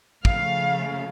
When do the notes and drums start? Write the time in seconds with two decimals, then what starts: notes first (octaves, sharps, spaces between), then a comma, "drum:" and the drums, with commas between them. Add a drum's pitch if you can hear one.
0.25 C#3 F3 A3 F5, drum: kick